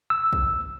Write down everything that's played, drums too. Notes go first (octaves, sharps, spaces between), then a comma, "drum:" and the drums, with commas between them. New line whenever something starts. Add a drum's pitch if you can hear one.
E6
drum: kick